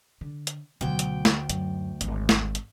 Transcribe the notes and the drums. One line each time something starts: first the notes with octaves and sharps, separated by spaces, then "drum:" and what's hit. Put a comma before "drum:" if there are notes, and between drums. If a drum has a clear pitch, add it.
D3
drum: hi-hat
D2 B2 F#3 G5
drum: hi-hat
drum: snare
F#2, drum: hi-hat
D#1 G#1, drum: hi-hat
drum: snare
drum: hi-hat